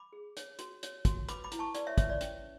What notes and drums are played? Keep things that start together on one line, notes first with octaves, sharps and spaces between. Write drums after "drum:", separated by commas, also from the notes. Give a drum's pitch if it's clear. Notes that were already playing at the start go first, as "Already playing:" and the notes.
Already playing: B5 D6
G#4
C#5, drum: hi-hat
F#4, drum: hi-hat
C#5, drum: hi-hat
F#4, drum: kick, hi-hat
B4 B5 D6, drum: hi-hat
B5 D6
E4, drum: hi-hat
A5 C#6
B4 D5, drum: hi-hat
C#5 E5
B4 C#5 E5, drum: kick, hi-hat
D5
C#4, drum: hi-hat